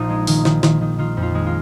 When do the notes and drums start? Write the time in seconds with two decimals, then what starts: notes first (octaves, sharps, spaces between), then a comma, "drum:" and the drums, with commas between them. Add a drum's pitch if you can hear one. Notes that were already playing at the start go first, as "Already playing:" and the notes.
Already playing: A#1 A#2 D#4 F4 C5
0.10 G#3
0.27 D#3, drum: open hi-hat
0.45 D#3, drum: snare
0.63 D#3, drum: snare
0.81 D#3
0.99 D#3 F4
1.17 F2
1.22 F4
1.35 G#3
1.47 F4